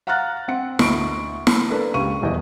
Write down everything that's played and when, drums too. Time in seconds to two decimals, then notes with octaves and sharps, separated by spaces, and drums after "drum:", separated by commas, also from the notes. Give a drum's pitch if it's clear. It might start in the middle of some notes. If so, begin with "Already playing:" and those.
0.07 F5 F#5 A#5 F6 F#6 A6
0.48 C4 F#5 C#7
0.79 D2 D#5 C#6 D7, drum: snare
1.47 drum: snare
1.70 A#3 D4 A4 B4
1.94 C#2 G4 C#6 D#7
2.22 D#1 E2 D#5